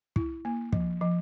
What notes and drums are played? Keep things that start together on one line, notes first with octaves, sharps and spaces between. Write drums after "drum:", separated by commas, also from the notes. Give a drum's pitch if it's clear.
E4, drum: kick
A#3
F3, drum: kick
F3